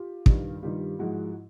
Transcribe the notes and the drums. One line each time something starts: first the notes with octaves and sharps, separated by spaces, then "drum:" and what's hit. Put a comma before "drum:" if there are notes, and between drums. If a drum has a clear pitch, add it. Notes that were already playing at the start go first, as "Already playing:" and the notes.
Already playing: F4 G4
G2 D#3 G3, drum: kick
G2 D#3 G3 F4 G4
G#2 F3 G#3 E4 F#4